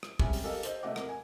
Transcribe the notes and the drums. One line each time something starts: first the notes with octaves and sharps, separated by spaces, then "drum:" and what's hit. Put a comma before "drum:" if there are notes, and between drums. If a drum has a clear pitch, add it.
drum: rim click
C3 G3 G#3 C#4, drum: kick
drum: open hi-hat
G4 A4 A#4 D#5 F5
G4 C5 D#5, drum: hi-hat
C3 A3 D#5 F#5 D6
A#4, drum: rim click
G#5